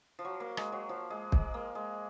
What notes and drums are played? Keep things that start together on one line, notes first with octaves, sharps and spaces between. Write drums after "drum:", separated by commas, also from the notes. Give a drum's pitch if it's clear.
F3
F#3
A#3
G#3, drum: rim click
F#3
F3
G#3
G#3, drum: kick
A#3
G#3